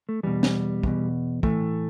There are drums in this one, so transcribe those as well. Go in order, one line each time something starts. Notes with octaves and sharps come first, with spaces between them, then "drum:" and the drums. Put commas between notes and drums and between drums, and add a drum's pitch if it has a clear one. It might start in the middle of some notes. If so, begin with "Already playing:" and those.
A3
E2 B2 G3
drum: snare
E2 B2, drum: kick
A2 E3 A3, drum: kick